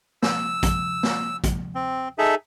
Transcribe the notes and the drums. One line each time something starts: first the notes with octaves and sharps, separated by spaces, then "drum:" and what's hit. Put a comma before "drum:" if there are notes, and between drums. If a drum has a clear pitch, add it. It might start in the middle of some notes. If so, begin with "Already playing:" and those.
E6, drum: snare
drum: kick, hi-hat
drum: snare
drum: kick, hi-hat
C4
D#4 G#4 A4 E5